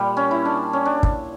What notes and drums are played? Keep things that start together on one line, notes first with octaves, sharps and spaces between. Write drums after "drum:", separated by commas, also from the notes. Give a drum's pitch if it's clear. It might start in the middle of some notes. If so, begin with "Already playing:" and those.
Already playing: A#2 G3
C#4
E4
D4
C#4
D4
drum: kick